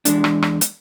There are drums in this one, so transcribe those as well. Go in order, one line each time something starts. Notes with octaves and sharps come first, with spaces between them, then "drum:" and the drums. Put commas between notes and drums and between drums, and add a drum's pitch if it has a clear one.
E2 G#3 D4, drum: hi-hat
drum: rim click
drum: rim click
drum: hi-hat